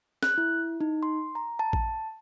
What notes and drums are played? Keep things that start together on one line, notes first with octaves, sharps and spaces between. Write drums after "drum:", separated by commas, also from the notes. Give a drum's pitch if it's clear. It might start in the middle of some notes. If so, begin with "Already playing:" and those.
F#6, drum: snare
E4
D#4
C6
A#5
A5
drum: kick A1